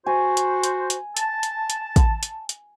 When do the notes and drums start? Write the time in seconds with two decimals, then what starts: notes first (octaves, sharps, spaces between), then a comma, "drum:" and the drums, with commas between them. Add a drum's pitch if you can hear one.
0.06 F#4 C5 G#5
0.37 drum: hi-hat
0.63 drum: hi-hat
0.90 drum: hi-hat
1.17 A5, drum: hi-hat
1.43 drum: hi-hat
1.70 drum: hi-hat
1.96 drum: kick, hi-hat
2.23 drum: hi-hat
2.49 drum: hi-hat